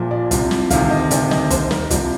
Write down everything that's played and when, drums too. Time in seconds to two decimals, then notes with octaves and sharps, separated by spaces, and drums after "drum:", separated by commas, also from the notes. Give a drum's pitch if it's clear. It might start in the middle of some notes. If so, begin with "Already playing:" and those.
Already playing: A#1 A#2 F3
0.11 D5
0.31 C2 C3 F3, drum: kick, hi-hat
0.51 drum: snare
0.70 D2 C3 D#3 F5, drum: kick, hi-hat
0.91 D#5
1.11 D2 C3 D#3 D5, drum: hi-hat
1.31 D#5, drum: snare
1.50 D#2 D#3 C5, drum: kick, hi-hat
1.71 A#4, drum: snare
1.90 C2 C3 F3 D5, drum: kick, hi-hat